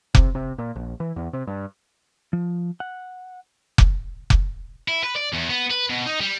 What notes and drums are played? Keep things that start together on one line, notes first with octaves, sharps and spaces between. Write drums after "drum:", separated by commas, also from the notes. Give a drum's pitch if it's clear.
C3, drum: kick F1
C3
A#2
A#1
E3
E2
C3
G2
F3
F#5
drum: kick F1
drum: kick F1
E4
B4
D5
E2
B3
B4
B2
D#4
G3